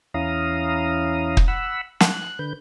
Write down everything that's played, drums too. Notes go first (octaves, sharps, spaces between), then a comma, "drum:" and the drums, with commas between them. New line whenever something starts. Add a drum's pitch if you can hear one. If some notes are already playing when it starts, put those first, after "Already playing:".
E2 C#4 E4 F5 A#5 D#6
drum: kick
F#5 B5 E6
F#6, drum: snare
D3 B4 G6